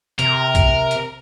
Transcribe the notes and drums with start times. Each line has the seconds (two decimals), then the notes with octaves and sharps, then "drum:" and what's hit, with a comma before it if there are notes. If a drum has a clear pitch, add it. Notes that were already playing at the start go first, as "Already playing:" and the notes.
0.19 C3 A#4, drum: hi-hat
0.55 drum: kick A#1, hi-hat
0.91 drum: hi-hat